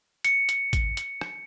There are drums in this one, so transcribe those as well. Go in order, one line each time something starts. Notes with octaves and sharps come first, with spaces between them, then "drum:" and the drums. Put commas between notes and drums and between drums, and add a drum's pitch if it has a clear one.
C#7, drum: hi-hat
drum: hi-hat
drum: kick A1, hi-hat
drum: hi-hat
drum: rim click